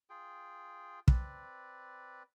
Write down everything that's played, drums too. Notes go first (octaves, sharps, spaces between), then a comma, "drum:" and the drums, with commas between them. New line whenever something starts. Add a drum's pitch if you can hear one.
F4 G#4 G5
C4 B4 D5, drum: kick